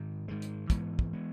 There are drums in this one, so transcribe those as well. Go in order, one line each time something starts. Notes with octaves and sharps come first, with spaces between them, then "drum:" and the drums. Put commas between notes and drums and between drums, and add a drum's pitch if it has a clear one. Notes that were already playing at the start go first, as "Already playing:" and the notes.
Already playing: G#2 D#3
G#2 D#3 G#3
drum: hi-hat
G#2 E3 G#3 B3, drum: kick, hi-hat
drum: kick
E3 G#3 B3